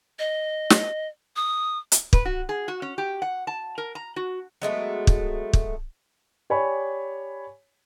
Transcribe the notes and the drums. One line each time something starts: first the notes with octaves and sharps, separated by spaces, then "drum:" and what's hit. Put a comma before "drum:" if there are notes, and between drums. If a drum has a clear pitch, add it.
D#5
drum: snare
D#6
drum: hi-hat
B4, drum: kick
F#4
G#4
F#4
C#4
G4
F#5
A5
A#4
A#5
F#4
F#3 G#3 A3 B3
drum: kick
drum: kick
G4 C#5 D5 G#5 B5